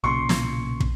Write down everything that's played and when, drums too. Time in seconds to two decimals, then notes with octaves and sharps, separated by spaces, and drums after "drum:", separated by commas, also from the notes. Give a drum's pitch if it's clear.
0.04 B1 A#2 C#3 C6 C#6
0.29 drum: snare
0.80 drum: kick